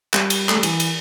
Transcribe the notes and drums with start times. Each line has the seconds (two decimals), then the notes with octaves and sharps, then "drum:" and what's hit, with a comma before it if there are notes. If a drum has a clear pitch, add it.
0.13 G3, drum: clap
0.30 drum: cymbal
0.49 A3, drum: clap
0.56 G3
0.63 E3, drum: cymbal
0.80 drum: cymbal